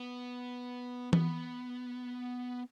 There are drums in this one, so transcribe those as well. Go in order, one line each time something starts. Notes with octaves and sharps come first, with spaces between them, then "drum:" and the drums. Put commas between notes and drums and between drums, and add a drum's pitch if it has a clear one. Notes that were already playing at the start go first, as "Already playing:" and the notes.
Already playing: B3
B3, drum: tom E3